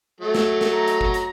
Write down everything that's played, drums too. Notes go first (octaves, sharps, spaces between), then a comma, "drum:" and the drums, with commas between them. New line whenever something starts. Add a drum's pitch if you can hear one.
F#3 A3
drum: snare
drum: snare
A#5
drum: hi-hat
drum: kick
drum: hi-hat